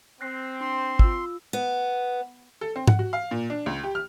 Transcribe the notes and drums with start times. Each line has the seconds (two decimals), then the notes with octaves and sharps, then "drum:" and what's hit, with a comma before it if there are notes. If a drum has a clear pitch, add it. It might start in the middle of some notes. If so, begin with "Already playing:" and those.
0.21 C4 F#6 A#6 C7
0.61 D4 C6
0.99 F4 E6, drum: kick
1.53 B3
2.61 A4
2.76 C4
2.88 F#5, drum: tom G#2
2.99 F#4
3.13 F5
3.31 A#2
3.50 D4
3.66 C#2
3.84 G4
3.95 F6